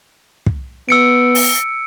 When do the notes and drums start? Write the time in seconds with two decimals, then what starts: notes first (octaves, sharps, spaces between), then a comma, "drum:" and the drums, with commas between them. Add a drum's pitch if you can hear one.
0.46 drum: kick
0.89 B3 E6 C#7 D7
1.35 drum: open hi-hat